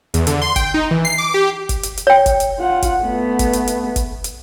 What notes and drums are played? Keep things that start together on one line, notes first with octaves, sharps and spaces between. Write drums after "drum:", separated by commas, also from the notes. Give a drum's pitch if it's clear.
E2, drum: hi-hat
D3, drum: hi-hat
C6
G5, drum: kick, hi-hat
D#4
E3
C7
D6
G4
drum: kick, hi-hat
drum: hi-hat
drum: hi-hat
C#5 G5
drum: kick, hi-hat
drum: hi-hat
F4 F#5
drum: kick, hi-hat
A3 B3
drum: kick, hi-hat
drum: hi-hat
drum: hi-hat
drum: kick, hi-hat
drum: hi-hat